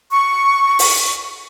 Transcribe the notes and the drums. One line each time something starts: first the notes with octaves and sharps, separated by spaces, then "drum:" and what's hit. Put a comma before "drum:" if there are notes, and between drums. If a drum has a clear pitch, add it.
C#6
drum: open hi-hat